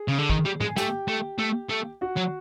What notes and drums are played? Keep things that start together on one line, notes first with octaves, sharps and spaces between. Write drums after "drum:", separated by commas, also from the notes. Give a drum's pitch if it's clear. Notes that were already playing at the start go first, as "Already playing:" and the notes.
Already playing: G#4
C#3
D3
D#3, drum: kick
G3
G#3, drum: tom A2
G#5
A3 G4 G5, drum: snare
A3
A3
A3
F#4 F#5
F#3